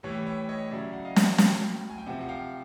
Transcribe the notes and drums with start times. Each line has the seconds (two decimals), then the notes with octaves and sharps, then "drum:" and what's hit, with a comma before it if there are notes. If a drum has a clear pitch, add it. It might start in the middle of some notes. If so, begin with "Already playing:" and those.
0.03 A2 E3 G3 C#5
0.26 C#5
0.49 C#5 D#5
0.71 C#3 F#3 D5 E5
0.93 F#5
1.05 D#5 F5
1.16 drum: snare
1.38 A2 F#3 F5 G5, drum: snare
1.90 G#5
1.98 G5
2.06 C3 F3 E5 F#5
2.21 F#5
2.29 F5 G5